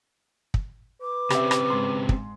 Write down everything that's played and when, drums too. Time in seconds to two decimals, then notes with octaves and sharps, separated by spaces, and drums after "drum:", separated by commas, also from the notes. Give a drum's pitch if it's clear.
0.54 drum: kick
1.02 B4 D6
1.30 C#3 C4 G4 E5, drum: rim click
1.51 drum: rim click
1.70 G#2 C6
2.09 drum: kick